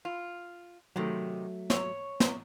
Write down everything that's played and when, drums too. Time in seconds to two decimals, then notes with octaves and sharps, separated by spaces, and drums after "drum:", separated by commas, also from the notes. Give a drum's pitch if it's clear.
0.05 F4
0.96 C3 D#3 F#3 A3
1.70 C#5, drum: snare
2.20 drum: snare